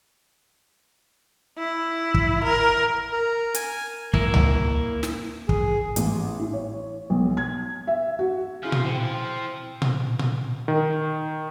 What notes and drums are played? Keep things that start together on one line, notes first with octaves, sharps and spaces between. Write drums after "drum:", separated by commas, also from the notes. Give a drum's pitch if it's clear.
E4
drum: kick
A#4
A#4
G#5, drum: hi-hat
A#3 E4, drum: kick
drum: tom C#2
drum: snare
G#4, drum: kick
A1, drum: hi-hat
E4
C#5
B1
G#6
E5
F#4
C#3 F3 E4 F6
drum: tom A#2
D3 C4
F3
drum: tom A#2
drum: tom A#2
D#3